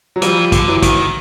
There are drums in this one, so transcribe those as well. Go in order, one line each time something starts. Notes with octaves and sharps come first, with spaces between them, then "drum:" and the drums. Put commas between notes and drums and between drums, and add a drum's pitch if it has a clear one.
F#3
E3 F3 G3, drum: hi-hat
D3, drum: kick, hi-hat
E3 F#3
D#3, drum: kick, hi-hat